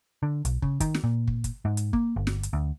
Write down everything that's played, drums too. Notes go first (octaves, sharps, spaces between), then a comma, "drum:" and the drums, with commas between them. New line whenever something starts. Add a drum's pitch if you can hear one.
D3
B1, drum: hi-hat
C#3, drum: kick
D#3, drum: kick, hi-hat
drum: snare
A#2
drum: kick
drum: kick, hi-hat
G#2
drum: hi-hat
A#3, drum: kick
G1
drum: snare
drum: hi-hat
D2